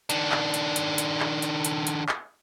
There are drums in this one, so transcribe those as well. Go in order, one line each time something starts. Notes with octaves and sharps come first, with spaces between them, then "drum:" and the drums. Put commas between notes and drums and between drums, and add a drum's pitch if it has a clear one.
D#3 D4, drum: hi-hat
drum: clap
drum: hi-hat
drum: hi-hat
drum: hi-hat
drum: clap
drum: hi-hat
drum: hi-hat
drum: hi-hat
drum: clap